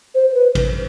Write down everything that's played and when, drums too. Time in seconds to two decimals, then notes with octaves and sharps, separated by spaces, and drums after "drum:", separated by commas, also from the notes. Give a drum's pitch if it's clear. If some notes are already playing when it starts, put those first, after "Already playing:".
0.14 C5
0.29 C5
0.34 B4
0.55 drum: kick G#1, cymbal